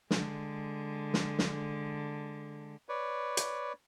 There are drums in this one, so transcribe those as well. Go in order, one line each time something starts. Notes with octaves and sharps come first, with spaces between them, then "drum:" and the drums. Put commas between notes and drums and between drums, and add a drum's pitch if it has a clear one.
D3 G#3, drum: snare
drum: snare
drum: snare
B4 C#5 D5
drum: hi-hat